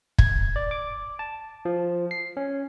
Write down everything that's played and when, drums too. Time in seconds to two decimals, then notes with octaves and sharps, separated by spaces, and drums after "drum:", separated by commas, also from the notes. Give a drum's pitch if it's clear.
0.18 G#6, drum: kick
0.56 D5
0.71 D6
1.19 A5
1.65 F3
2.11 C7
2.37 C#4